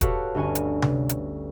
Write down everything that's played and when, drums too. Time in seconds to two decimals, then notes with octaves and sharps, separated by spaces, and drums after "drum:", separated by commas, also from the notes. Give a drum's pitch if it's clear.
0.01 F#4 G4 A4 B4 C#5 F5, drum: kick, hi-hat
0.35 G1 D2 C#4 C#5 G#5
0.55 drum: hi-hat
0.82 drum: tom C3
1.09 drum: hi-hat